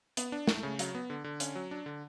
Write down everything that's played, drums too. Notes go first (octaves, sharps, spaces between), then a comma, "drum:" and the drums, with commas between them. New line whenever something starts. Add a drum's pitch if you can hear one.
B3, drum: hi-hat
D4
A3, drum: snare
C#3
F#3, drum: hi-hat
B3
D3
D3
C#4, drum: hi-hat
F#3
D4
D3